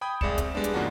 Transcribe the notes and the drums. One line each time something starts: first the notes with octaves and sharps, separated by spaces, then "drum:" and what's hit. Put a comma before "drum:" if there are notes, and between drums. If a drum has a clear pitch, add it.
G5 B5 D#6 G6 G#6
C2 G#3 D5 C#7 E7, drum: kick
C4, drum: kick, hi-hat
G3 G#3 B3 D4
drum: hi-hat
G#2 C#3 F3 A#3 D4 F#4